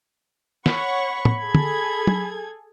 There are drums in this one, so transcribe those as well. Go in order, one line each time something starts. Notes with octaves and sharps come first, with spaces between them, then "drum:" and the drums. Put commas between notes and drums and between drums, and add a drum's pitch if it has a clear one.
C#5 F#5 B5 C#6, drum: snare
drum: tom
G#4 A4 G#6
drum: tom
drum: tom